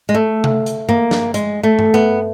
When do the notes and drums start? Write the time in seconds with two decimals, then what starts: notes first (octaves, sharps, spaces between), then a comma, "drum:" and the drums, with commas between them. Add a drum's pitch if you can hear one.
0.09 G#3
0.14 A3
0.44 drum: tom C3
0.66 drum: hi-hat
0.89 A#3, drum: tom G2
1.11 drum: snare
1.34 G#3, drum: hi-hat
1.63 A3
1.79 drum: tom G2
1.94 B3